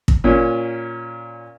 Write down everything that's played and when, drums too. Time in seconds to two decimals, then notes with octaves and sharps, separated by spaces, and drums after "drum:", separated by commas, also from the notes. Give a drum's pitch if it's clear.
0.08 drum: kick
0.24 A#2 C#4